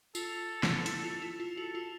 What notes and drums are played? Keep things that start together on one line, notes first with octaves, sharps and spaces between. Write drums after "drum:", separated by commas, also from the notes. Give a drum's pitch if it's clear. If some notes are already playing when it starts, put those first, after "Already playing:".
F4 A4, drum: tambourine
drum: snare
E4, drum: hi-hat
F4
E4
F4
F#4 A4
F4